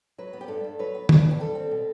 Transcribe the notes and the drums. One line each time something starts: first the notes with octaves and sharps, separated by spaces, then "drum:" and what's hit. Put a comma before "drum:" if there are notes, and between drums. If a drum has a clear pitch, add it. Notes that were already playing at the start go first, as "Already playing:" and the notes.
F#3 B4
B3
G4
G2 A4
G2
F#3 B4
B3
G2, drum: tom
G2
G4
G3 A4
C4
B2